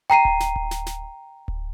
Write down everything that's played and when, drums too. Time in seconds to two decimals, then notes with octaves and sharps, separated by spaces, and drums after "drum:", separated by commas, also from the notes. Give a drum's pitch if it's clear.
0.10 G5 A#5 C7 D#7
0.25 drum: kick D1
0.40 drum: snare
0.56 drum: kick D1
0.71 drum: snare
0.86 drum: snare
1.48 drum: kick D1